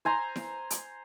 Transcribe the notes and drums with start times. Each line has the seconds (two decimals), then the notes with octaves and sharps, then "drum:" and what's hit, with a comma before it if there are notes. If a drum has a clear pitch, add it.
0.05 C5 G#5 A#5 C6
0.36 drum: snare E4
0.70 drum: hi-hat